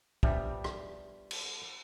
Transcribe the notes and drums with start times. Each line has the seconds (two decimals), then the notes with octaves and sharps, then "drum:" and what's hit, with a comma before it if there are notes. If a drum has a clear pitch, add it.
0.23 G3 B3 D4 F4 C5 E5 A5, drum: kick
0.64 drum: rim click
1.31 drum: cymbal